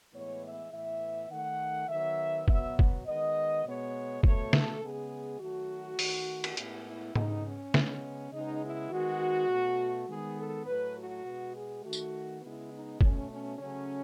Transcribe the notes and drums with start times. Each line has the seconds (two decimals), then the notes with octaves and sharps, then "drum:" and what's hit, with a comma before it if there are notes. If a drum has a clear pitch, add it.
0.14 A2 E3 G#3 B3 C#5
0.43 E5
0.72 A2 E3 B3 E5
1.30 D#3 A3 F#5
1.89 D#3 F#3 B3 E5
2.48 B2 F#3 B3 E5, drum: kick
2.79 drum: kick
3.06 D#3 G#3 B3 D#5
3.64 B2 G#3 B3 C#5
4.23 B2 A3 C#5, drum: kick
4.53 A4, drum: snare
4.82 C#3 G#3 B3 G#4
5.40 D#3 F#3 A3 F#4
5.99 D#3 A3, drum: open hi-hat
6.44 drum: cymbal
6.57 A2 G#3 B3 E4, drum: hi-hat
6.86 E4
7.16 C#3 G#3 B3 D#4, drum: tom G#2
7.45 C#4
7.74 C#3 G#3 B3, drum: snare
8.33 C#3 G#3 B3 D#4
8.62 E4
8.91 D#3 G#3 B3 F#4
9.50 B2 A3
10.08 D#3 G#3 B3 G#4
10.37 A4
10.67 A2 F#3 A3 B4
10.96 F#4
11.25 B2 G#3 B3
11.54 G#4
11.84 D#3 A3 F#4
11.93 drum: tambourine
12.42 C#3 G#3 B3 E4
12.71 D#4
13.01 B2 A3 C#4, drum: kick
13.30 C#4
13.59 C#3 F#3 A3 C#4